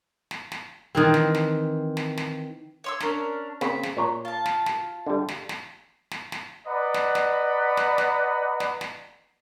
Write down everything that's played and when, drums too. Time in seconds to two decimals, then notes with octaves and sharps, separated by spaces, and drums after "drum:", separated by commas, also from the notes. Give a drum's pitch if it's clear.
0.31 drum: snare
0.52 drum: snare
0.95 D#3 E3 C4
1.14 drum: snare
1.35 drum: snare
1.97 drum: snare
2.17 drum: snare
2.84 C#5 C6 E6
3.00 C#4 D4 A#4, drum: snare
3.61 C#3 A#3 C4 E5, drum: snare
3.83 drum: snare
3.97 A#2 C#5 A#5
4.25 F4 A5
4.46 drum: snare
4.66 drum: snare
5.06 D3 G3
5.28 drum: snare
5.49 drum: snare
6.11 drum: snare
6.32 drum: snare
6.67 B4 D5 D#5 F#5 A#5 B5
6.94 drum: snare
7.15 drum: snare
7.77 drum: snare
7.98 drum: snare
8.60 drum: snare
8.81 drum: snare